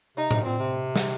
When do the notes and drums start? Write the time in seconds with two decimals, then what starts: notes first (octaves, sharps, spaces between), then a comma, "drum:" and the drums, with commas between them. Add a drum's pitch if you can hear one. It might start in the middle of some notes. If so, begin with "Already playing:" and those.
0.17 C3 D#4
0.31 C3, drum: tom A2
0.45 A#2 C4
0.59 C3
0.96 drum: snare